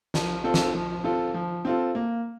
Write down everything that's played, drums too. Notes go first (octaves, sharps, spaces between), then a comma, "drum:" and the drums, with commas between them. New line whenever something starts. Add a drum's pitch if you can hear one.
F3, drum: snare
C4 F4 A4
drum: snare
F3
C4 F4 A4
F3
C4 F4 A4
A#3